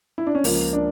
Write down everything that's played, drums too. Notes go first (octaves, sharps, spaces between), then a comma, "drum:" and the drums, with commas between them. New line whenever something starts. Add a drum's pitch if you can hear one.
E4
D4
C#4
C#2 C#3 F3 A#3, drum: open hi-hat
D4